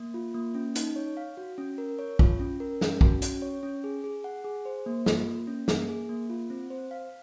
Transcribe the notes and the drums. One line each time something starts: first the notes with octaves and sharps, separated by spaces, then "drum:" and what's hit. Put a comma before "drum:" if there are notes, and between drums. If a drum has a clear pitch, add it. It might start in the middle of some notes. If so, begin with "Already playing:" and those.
Already playing: A#3
F4
A#3
C#4
D#4, drum: hi-hat
C#5
F5
F#4
C#4
A#4
C#5
F4, drum: kick
C#4
A#4
C#4, drum: snare
F#4, drum: kick
C#4, drum: hi-hat
C#5
C#4
G#4
G#4
F#5
G#4
C5
A#3
F4, drum: snare
A#3
C#4
A#3, drum: snare
G#4
A#3
F4
C4
C5
F5